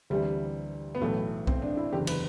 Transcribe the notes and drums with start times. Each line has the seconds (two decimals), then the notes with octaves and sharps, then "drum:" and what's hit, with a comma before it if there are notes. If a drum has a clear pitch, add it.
0.10 D2 C3 E3 G3
0.95 B3
1.01 B1 A2 E3 A3
1.47 C4, drum: kick B1
1.62 D4
1.77 E4
1.93 F#1 E2 D3 G4
2.07 B4, drum: cymbal